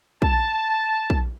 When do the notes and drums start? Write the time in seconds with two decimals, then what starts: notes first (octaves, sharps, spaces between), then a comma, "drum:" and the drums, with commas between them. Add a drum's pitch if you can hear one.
0.22 A5, drum: kick
1.10 drum: kick